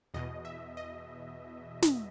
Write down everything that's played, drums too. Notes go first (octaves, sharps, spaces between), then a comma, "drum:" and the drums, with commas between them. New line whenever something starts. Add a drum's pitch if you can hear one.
E2 B2 D#5
E5
D#5
drum: snare